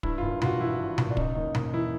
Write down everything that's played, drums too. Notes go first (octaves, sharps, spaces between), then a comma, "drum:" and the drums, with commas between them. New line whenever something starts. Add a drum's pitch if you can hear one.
G2 E4, drum: kick
G#1 F4
G#1 F4 F#4, drum: tom B2
E3 E4
G2
G#1, drum: tom B2
D4
C#3 D#4, drum: kick
D#2 D#4
D#2 D#4, drum: tom B2
E3 E4